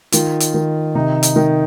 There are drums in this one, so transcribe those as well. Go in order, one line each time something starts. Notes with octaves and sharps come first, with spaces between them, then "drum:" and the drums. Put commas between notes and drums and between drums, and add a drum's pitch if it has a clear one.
D#3 F4, drum: hi-hat
drum: hi-hat
D#3
C3 D#4
drum: hi-hat
D#3